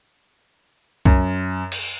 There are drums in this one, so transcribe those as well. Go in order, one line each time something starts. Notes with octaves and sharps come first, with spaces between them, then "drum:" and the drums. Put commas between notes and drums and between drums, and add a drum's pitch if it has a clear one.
F#2, drum: kick C2
drum: cymbal